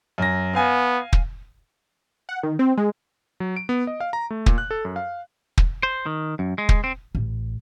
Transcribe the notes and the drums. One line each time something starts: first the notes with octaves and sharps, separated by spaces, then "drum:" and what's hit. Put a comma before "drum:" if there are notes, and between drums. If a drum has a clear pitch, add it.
F#2 A#6
B3 F5 G#5
drum: kick
F#5
D#3
C4
G#3
F#3
D7
B3
D#5
F5
A#5
A3
A#2, drum: kick
F#6
A4
F#2
F5
drum: kick
C5
D#3
F#2
G#3
drum: kick
C4
A1